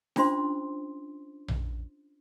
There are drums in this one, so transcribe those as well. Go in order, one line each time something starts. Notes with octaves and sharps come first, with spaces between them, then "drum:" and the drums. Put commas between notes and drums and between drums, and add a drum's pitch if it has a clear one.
C#4 D4 F4 C5 C6, drum: snare D#4
drum: tom A#1